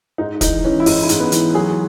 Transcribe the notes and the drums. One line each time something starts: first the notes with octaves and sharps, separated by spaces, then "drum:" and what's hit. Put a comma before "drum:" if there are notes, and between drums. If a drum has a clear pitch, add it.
G#2 D#4
E3 D#4, drum: kick, hi-hat
E3 C#4
E4
G#2 D#4, drum: open hi-hat
E4
G#2, drum: hi-hat
B3
E3, drum: hi-hat
F#3 G#4